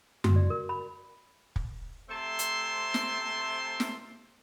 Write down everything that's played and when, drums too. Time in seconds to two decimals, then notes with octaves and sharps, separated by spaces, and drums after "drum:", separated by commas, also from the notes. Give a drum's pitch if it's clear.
0.24 F#4, drum: tom F#2
0.36 D5
0.50 A#4
0.69 B5
1.56 drum: kick
2.09 C3 A3 C4 A5 C6
2.39 drum: hi-hat
2.94 drum: snare
3.80 drum: snare